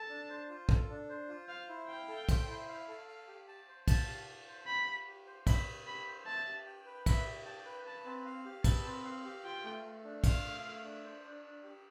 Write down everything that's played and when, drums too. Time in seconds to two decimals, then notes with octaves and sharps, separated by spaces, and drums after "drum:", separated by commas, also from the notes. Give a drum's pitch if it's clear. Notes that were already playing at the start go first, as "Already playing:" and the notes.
Already playing: A4 A5
0.09 D4
0.30 C5
0.50 F4
0.69 A4, drum: kick
0.89 D4
1.09 C5
1.29 F4
1.48 C5 F5
1.69 E4
1.88 F5 G5
2.08 A4
2.29 C5, drum: kick, cymbal
2.48 E4
2.68 F5
2.88 A4
3.08 F5
3.28 G4
3.48 A5
3.68 C5
3.88 F5 A5, drum: kick, cymbal
4.08 G4
4.27 A5
4.47 C5
4.67 G5 B5
4.87 G4
5.07 G4
5.26 C5
5.47 G5 B5, drum: kick, cymbal
5.67 G4
5.86 G4 B5
6.07 C5
6.26 E5 A5
6.46 G4
6.66 G5
6.86 B4
7.06 E5 B5, drum: kick, cymbal
7.25 G4
7.45 G5 A5
7.66 B4
7.85 B4 A5
8.05 C4
8.26 F5
8.45 G4
8.64 B4 A5, drum: kick, cymbal
8.84 C4
9.04 F5
9.25 G4
9.44 F4 G5
9.64 A3
9.84 A3
10.04 D4
10.24 F4 F5, drum: kick, cymbal
10.44 A3
10.64 A3
10.84 D4
11.04 C5
11.24 D4
11.44 D4
11.63 G4